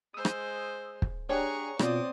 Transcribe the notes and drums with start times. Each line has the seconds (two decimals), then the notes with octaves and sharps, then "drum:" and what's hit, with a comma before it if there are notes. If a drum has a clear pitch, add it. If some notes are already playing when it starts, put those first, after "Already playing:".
0.14 G#3 C5 D#6 E6
0.25 drum: rim click
1.02 drum: kick
1.29 D4 G4 G#4 C#5 F#5 A#5 C#6
1.79 B2 C4 F4 C5 D5 D#6, drum: rim click